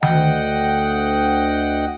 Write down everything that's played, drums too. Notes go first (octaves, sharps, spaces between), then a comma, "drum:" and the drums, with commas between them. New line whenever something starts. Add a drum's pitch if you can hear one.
D2 D#5 F#5 G5, drum: tom D#3